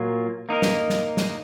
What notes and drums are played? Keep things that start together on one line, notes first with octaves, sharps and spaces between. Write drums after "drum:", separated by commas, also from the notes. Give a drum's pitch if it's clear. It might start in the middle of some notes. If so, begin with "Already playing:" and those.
Already playing: A#2 F#3 A#3 F4
A#3 D#4 A#4
drum: snare
drum: snare
drum: snare